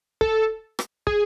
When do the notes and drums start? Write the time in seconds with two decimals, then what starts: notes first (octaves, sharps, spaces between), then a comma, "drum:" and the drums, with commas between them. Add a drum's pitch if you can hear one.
0.21 A4, drum: kick
0.79 drum: rim click
1.07 G#4, drum: kick